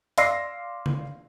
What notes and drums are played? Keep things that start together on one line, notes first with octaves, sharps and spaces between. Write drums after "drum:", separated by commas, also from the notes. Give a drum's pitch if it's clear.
D5 F5 C6 E6 A#6 C7, drum: hi-hat
drum: tom C#3